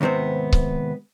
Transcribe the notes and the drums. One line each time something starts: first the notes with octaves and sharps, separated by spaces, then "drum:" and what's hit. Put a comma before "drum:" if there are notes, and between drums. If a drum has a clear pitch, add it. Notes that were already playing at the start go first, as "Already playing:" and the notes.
D#2 G#2 C3 B3 C4
drum: kick C#1